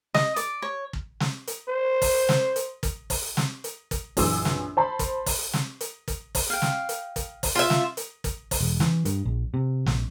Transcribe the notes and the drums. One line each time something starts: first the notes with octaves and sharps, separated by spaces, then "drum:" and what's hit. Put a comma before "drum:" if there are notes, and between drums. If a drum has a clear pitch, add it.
D#5, drum: snare
D5, drum: hi-hat
C#5
drum: kick
drum: snare
drum: hi-hat
C5
drum: kick, open hi-hat
drum: snare
drum: hi-hat
drum: kick, hi-hat
drum: kick, open hi-hat
drum: snare
drum: hi-hat
drum: kick, hi-hat
A#1 F#2 E3 C6 E6, drum: kick, open hi-hat
drum: snare
C5 A5 B5 C6
drum: kick, hi-hat
drum: kick, open hi-hat
drum: snare
drum: hi-hat
drum: kick, hi-hat
drum: kick, open hi-hat
F5 G5
drum: snare
drum: hi-hat
drum: kick, hi-hat
drum: kick, open hi-hat
F4 E5
drum: snare
drum: hi-hat
drum: kick, hi-hat
drum: kick, open hi-hat
E1
E3, drum: snare
G2, drum: hi-hat
A#1
C3
A#1, drum: snare